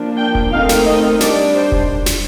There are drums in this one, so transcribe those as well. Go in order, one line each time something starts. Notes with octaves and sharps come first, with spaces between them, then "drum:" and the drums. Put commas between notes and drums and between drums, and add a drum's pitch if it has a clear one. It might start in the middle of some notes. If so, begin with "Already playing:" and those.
Already playing: F3 A#3 D4
G5
drum: kick E1
D#3 A3 C4 D#4 F5
drum: snare
D#5
G3 D4 D5, drum: snare
C5
drum: kick E1
drum: snare